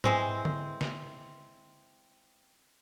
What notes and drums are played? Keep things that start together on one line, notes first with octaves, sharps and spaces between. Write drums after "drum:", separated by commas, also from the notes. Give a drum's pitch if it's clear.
E3 G#3 C4, drum: tom G#2
drum: tom D3
drum: snare